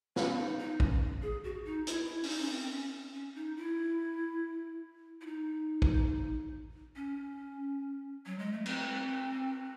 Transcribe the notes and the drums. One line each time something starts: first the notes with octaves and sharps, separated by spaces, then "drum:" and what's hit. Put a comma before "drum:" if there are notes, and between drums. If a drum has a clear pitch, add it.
C#4, drum: snare
D#4
D#4
C#4, drum: kick
G#4
F#4
D#4
E4, drum: hi-hat
E4
C#4, drum: open hi-hat
D#4
C#4
C4
C4
C#4
C#4
D#4
E4
E4
D#4
drum: kick
C#4
F#3
G#3
A3
C4, drum: cymbal